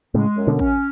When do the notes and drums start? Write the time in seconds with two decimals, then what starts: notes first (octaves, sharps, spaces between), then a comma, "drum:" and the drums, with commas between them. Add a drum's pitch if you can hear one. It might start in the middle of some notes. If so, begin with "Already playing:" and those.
0.14 A2 C#3 G#3
0.37 F#2
0.47 B2 D3
0.59 C#4, drum: kick